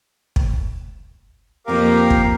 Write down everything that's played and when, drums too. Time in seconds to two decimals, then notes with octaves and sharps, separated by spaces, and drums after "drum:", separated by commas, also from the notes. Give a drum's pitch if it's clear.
0.36 drum: kick
1.67 F2 A#3 G4 A#4 F5
2.10 drum: kick